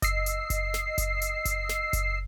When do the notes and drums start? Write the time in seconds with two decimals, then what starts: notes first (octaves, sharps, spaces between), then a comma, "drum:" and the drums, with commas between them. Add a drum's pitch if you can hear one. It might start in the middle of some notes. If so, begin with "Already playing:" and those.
0.02 D#5 E6 C7, drum: kick F#1, hi-hat
0.26 drum: hi-hat
0.50 drum: kick F#1, hi-hat
0.74 drum: snare
0.98 drum: kick F#1, hi-hat
1.22 drum: hi-hat
1.45 drum: kick F#1, hi-hat
1.69 drum: snare
1.93 drum: kick F#1, hi-hat